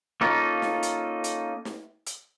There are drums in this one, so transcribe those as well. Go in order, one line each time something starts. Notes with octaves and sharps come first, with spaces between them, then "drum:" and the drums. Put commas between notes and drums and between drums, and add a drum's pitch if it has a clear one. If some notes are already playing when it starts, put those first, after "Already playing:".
A#3 C#4 D#4 F4 A4
drum: snare
drum: hi-hat
drum: hi-hat
drum: snare
drum: hi-hat